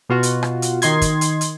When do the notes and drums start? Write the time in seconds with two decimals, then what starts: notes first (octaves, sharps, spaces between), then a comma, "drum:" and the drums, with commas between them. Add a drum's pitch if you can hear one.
0.09 B2 F4 F#4
0.23 drum: hi-hat
0.43 drum: rim click
0.62 drum: hi-hat
0.82 D#3 D#5 C6 G#6, drum: hi-hat
1.02 drum: kick, hi-hat
1.21 drum: hi-hat
1.41 drum: hi-hat